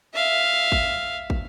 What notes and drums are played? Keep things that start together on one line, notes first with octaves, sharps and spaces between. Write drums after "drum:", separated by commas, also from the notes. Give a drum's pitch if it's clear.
E5 F5
drum: kick
drum: kick